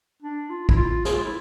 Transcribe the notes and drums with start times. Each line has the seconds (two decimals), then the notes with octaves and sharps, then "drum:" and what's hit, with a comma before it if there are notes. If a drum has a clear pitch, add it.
0.22 D4
0.50 F4
0.69 E4, drum: kick
0.77 F4
1.05 G#4, drum: snare
1.15 F4
1.25 E4